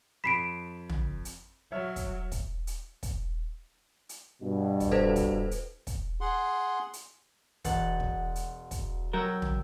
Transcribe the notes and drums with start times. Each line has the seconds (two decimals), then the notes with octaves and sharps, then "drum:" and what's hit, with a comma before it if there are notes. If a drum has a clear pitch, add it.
0.24 F2 B5 B6 C7 D7 E7
0.89 drum: tom
1.25 drum: hi-hat
1.72 F#3 C#5 E5 F6
1.96 drum: kick, hi-hat
2.32 drum: kick, hi-hat
2.67 drum: hi-hat
3.03 drum: kick, hi-hat
4.09 drum: hi-hat
4.41 G2 B2
4.80 drum: kick, hi-hat
4.92 A4 B4 C5
5.16 drum: kick, hi-hat
5.51 drum: hi-hat
5.87 drum: kick, hi-hat
6.21 G#4 F#5 C6
6.93 drum: hi-hat
7.64 E1 F#5 A6, drum: kick, hi-hat
8.00 drum: kick
8.36 drum: hi-hat
8.71 drum: kick, hi-hat
9.13 F#3 A#4 G5 E6
9.42 drum: tom